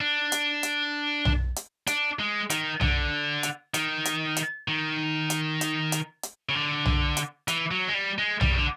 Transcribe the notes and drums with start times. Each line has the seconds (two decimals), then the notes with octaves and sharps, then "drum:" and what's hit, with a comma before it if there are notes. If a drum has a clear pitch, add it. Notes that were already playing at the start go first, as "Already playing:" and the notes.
0.01 D4
0.32 drum: hi-hat
0.63 drum: hi-hat
1.25 drum: tom B1
1.56 drum: hi-hat
1.87 D4, drum: hi-hat
2.19 G#3
2.50 D#3, drum: hi-hat
2.81 D3, drum: tom B1
3.43 drum: hi-hat
3.74 D#3, drum: hi-hat
4.05 drum: hi-hat
4.37 drum: hi-hat
4.68 D#3
5.30 drum: hi-hat
5.61 drum: hi-hat
5.92 drum: hi-hat
6.23 drum: hi-hat
6.49 C#3
6.55 D3
6.86 drum: tom B1
7.17 drum: hi-hat
7.48 E3, drum: hi-hat
7.71 F#3
7.88 G#3
7.94 G3
8.18 G#3
8.41 G3, drum: tom B1
8.51 C#3
8.57 D3